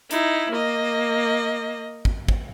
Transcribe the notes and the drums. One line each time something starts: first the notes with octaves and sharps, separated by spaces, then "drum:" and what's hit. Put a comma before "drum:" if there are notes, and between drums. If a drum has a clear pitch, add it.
D#4 E4, drum: hi-hat
A#3 D#5
drum: kick
drum: kick